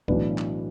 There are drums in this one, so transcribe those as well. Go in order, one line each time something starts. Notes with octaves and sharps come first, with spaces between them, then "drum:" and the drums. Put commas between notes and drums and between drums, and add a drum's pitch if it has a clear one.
B1 A2 E3 D4 B4, drum: kick
drum: clap